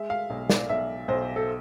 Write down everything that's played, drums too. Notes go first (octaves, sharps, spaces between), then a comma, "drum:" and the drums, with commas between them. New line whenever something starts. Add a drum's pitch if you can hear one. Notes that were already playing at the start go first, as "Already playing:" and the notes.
Already playing: G#3 E5
F5
B1
D5, drum: snare
B1 E5
B1 C5
A4